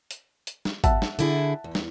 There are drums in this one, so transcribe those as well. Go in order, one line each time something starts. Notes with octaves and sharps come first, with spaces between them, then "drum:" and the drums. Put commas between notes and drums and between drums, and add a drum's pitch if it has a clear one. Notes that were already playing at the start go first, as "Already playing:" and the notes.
drum: hi-hat
drum: hi-hat
drum: snare
E5 F#5 A5, drum: kick, hi-hat
drum: snare
D3 E4 G#4, drum: hi-hat
E2
drum: snare